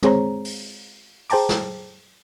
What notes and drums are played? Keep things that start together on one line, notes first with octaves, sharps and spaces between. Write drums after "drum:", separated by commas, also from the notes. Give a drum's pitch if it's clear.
G#3 C4 G#4 C5 C#5 A#5, drum: tom
drum: open hi-hat
G#4 C5 G5 A5 A#5 D6, drum: open hi-hat
drum: snare